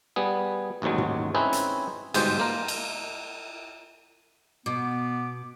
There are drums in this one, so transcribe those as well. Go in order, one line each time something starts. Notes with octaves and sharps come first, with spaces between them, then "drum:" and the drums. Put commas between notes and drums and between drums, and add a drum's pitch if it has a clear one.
G3 B3 G#4
A1 D#2 G#2 F#3 G#3
drum: tom G#2
C4 C#4 D#4 E4 G#4 B4
drum: hi-hat
G1 G#2 B2 G#3 G4 C5, drum: cymbal
A#3 A#4
drum: cymbal
B2 B3 D6